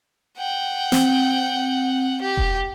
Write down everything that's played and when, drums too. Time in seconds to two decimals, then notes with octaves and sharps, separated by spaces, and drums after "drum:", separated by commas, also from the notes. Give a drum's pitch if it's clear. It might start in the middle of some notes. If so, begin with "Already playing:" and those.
0.37 F#5 G5
0.92 C4, drum: snare
2.22 G4
2.37 drum: kick E1